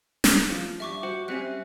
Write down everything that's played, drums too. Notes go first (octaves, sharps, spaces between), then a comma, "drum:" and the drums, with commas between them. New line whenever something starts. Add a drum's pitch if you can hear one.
drum: snare
F3
G2 E5 C#6 D6
F#4 C5
G3 C4 C#4 E5 F#6